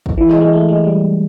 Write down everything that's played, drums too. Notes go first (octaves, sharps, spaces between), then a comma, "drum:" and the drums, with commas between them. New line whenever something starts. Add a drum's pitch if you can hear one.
drum: kick
E3
G#3, drum: clap
G#3
A3
G#3
G3